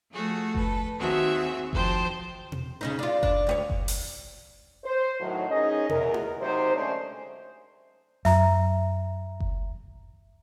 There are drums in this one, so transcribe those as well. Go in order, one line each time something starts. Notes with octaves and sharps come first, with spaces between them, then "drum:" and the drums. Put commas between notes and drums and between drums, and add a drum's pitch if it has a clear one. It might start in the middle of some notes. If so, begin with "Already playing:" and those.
F3 A3 F#4 G#4
A4 B4, drum: kick F#1
D#2 D#3 C4 F#4 G#4 E5
D#3 F3 C5 G5 A5, drum: kick F#1
drum: tom B2
C#3 C#4 D#4
D4 F4
D4, drum: kick F#1
D2 G4 C#5
drum: kick F#1
drum: open hi-hat
C5
A2 D#3 F#3
C#4 D#4 G#4 A#4 D#5
E2 A#4, drum: tom B2
drum: tom E4
C3 F#3 D#4 C5
D3 G#3 A3 C#4 C5 C#5
F#2 E5 A#5, drum: snare
drum: kick F#1